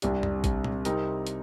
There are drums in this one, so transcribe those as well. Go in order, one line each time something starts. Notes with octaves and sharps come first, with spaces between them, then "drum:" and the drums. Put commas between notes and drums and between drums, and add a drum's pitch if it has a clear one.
C2 C3 G3 D4 G4, drum: hi-hat
drum: tom F2
drum: kick A1, hi-hat
drum: tom A#2
C3 G3 C4 D#4 A#4, drum: hi-hat
drum: hi-hat